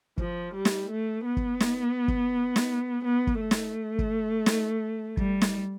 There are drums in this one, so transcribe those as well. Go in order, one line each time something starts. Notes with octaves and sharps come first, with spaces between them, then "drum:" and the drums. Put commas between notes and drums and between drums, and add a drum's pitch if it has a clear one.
F3, drum: kick
G3
drum: snare
A3
B3
drum: kick
drum: snare
drum: kick
drum: snare
B3
drum: kick
A3
drum: snare
drum: kick
drum: snare
G3, drum: kick
drum: snare